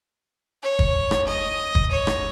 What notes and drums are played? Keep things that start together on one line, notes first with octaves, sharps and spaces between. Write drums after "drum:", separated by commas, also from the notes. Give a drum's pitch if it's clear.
C#5
drum: kick
drum: rim click
D#5
drum: kick
C#5
drum: rim click